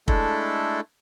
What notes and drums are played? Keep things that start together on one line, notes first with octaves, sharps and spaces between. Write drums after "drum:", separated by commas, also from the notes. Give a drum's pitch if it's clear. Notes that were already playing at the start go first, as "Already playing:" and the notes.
G#3 A3 D4 E4 A4, drum: kick